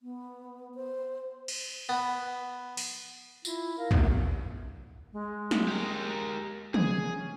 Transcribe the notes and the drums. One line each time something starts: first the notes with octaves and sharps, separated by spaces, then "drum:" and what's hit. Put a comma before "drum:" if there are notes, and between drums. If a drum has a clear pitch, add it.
B3
C5
drum: cymbal
B3
drum: open hi-hat
E4 F4, drum: tambourine
A#4 F5
C3 B3, drum: tom
G#3
drum: snare
G4 A#4
G#4, drum: tom
C#4